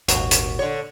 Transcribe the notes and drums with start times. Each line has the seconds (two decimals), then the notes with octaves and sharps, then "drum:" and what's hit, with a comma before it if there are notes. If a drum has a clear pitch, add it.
0.08 G#1 D#2 A#2 F#4, drum: hi-hat
0.31 drum: hi-hat
0.59 D3 C#5